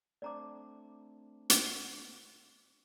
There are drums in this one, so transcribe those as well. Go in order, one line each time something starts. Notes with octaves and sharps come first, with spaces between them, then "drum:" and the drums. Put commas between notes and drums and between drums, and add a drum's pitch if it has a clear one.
A3 C4 D4 D5 A#5 D6
drum: hi-hat